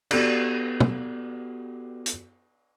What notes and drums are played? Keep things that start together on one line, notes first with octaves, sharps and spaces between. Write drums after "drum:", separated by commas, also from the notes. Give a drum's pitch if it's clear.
B3 F#4 G4 A4 D5, drum: cymbal
drum: tom
drum: hi-hat